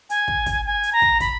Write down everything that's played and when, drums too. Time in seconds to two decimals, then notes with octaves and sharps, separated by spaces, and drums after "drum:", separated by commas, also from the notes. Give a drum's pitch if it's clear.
0.10 G#5, drum: hi-hat
0.28 drum: kick
0.46 drum: kick, hi-hat
0.65 G#5
0.83 drum: hi-hat
0.93 A#5
1.02 drum: kick
1.20 B5, drum: kick, hi-hat